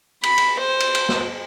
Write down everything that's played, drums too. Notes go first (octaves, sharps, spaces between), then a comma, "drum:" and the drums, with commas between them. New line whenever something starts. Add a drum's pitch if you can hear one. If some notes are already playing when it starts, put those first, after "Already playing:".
B5, drum: cymbal
drum: cymbal
C5
drum: cymbal
drum: cymbal
drum: snare